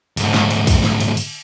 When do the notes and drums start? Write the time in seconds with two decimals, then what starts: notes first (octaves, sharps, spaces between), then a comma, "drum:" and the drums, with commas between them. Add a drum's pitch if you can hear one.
0.17 D2 G#2, drum: cymbal
0.34 drum: snare
0.51 drum: cymbal
0.67 drum: kick, cymbal
0.84 drum: snare
1.00 drum: cymbal
1.17 drum: cymbal